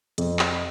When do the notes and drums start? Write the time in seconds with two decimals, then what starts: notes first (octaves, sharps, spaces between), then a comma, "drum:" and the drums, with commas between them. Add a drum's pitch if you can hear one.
0.18 F2, drum: hi-hat
0.39 drum: clap